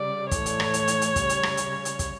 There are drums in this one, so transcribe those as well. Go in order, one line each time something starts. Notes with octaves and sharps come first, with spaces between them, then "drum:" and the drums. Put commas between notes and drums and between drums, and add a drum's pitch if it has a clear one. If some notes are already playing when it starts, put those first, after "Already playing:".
Already playing: C#3 G3 D5
A2 E3 A3 C#5, drum: kick, hi-hat
drum: hi-hat
drum: rim click
drum: hi-hat
drum: hi-hat
drum: hi-hat
C#3 G3, drum: kick, hi-hat
drum: hi-hat
drum: rim click
drum: hi-hat
drum: hi-hat
drum: kick, hi-hat